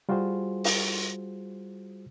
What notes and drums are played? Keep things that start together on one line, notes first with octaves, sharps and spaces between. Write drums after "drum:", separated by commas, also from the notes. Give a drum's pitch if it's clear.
G3 F4 F#4 G#4 C5
drum: open hi-hat